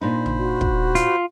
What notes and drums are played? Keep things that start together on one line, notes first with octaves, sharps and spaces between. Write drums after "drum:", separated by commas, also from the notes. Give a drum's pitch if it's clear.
A#2 D4 D#4 C5 B5
drum: tom
F#4
drum: kick
F4, drum: hi-hat